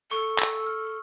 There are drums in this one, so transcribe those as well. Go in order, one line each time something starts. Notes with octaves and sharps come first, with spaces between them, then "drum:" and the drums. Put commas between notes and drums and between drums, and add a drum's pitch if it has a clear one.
A4 C#6
E6, drum: clap
F6